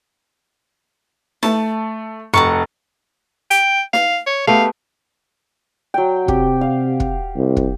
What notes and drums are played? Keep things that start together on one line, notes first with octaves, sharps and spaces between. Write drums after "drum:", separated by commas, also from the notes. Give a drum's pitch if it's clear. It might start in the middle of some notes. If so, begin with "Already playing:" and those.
A3 A5, drum: snare
F1 F#4 A5 C#6
G5, drum: hi-hat
F5, drum: snare
C#5
A3 B3 G4 F5
F#3 G5
C3 G4, drum: kick
F5
drum: kick
C2
drum: kick